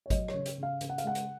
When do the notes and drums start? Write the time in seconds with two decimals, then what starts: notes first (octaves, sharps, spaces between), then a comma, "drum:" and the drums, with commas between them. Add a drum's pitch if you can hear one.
0.06 C#5
0.10 F#3 D#5, drum: kick G#1, hi-hat
0.28 C#5, drum: rim click
0.34 C#3
0.46 drum: hi-hat
0.58 C#3 F5
0.81 C#3, drum: hi-hat
0.90 F#5
0.98 F5, drum: hi-hat
1.04 G#3 F#5
1.15 drum: hi-hat